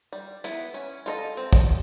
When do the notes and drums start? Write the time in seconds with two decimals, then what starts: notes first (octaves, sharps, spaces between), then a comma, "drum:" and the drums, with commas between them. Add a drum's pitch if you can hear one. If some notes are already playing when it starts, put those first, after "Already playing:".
0.13 G3
0.44 B3 E4, drum: hi-hat
0.74 C#4
1.06 F4 A4 C5 D#5
1.37 C4
1.53 drum: kick